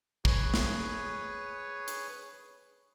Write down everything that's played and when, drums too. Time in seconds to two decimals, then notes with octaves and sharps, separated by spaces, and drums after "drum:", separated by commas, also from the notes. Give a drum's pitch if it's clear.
0.25 G#4 B4 C#5, drum: kick
0.54 drum: snare
1.88 drum: hi-hat